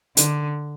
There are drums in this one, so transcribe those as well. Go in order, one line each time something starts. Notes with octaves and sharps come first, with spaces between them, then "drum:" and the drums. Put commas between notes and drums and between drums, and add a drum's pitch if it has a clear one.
D3, drum: hi-hat